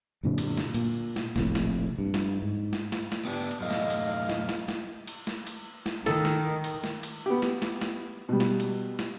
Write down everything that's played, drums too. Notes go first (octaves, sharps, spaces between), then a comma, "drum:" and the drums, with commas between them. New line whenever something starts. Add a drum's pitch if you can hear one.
F#2 A#2 D3 C4
drum: cymbal
drum: snare
A#2, drum: cymbal
drum: snare
F1 A#1 F2 A2, drum: snare
drum: snare
G2
drum: snare
G#2
drum: snare
drum: snare
drum: snare
B3 D4 G4
drum: cymbal
F#2 A2 A3 D#5 F5
drum: snare
drum: cymbal
drum: snare
drum: snare
drum: snare
drum: cymbal
drum: snare
drum: cymbal
drum: snare
D#3 A4, drum: snare
drum: snare
drum: cymbal
drum: snare
drum: cymbal
B3 G4
drum: snare
drum: snare
drum: snare
B2 G3
drum: snare
drum: cymbal
drum: snare